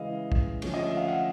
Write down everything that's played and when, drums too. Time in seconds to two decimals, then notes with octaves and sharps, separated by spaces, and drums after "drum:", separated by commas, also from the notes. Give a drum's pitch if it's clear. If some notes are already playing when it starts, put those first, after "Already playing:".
Already playing: C#3 E3 G#3 D#5 F5
0.32 drum: kick
0.62 D3 F3 A3 C#4, drum: cymbal
0.74 D#5
0.86 E5
0.97 F5
1.08 E5 F#5